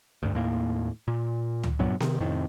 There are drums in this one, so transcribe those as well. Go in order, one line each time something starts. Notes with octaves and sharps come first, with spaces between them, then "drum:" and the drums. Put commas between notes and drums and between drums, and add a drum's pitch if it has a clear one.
D2 G2
D#2 A2 A#3
A#2
drum: tom C#2
G2 A#2 F#3 B3
C3 D#3, drum: snare B3
F2 A2 C3 D#3